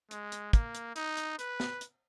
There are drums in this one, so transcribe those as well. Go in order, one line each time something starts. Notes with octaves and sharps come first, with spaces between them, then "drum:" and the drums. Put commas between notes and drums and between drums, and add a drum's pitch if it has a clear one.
G#3, drum: hi-hat
drum: hi-hat
A#3, drum: kick, hi-hat
drum: hi-hat
D#4, drum: hi-hat
drum: hi-hat
B4, drum: hi-hat
drum: snare
drum: hi-hat